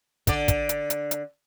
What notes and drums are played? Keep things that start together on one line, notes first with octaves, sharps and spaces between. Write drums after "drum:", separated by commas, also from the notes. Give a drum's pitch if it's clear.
D3 D5, drum: kick, hi-hat
drum: kick, hi-hat
drum: hi-hat
drum: hi-hat
drum: hi-hat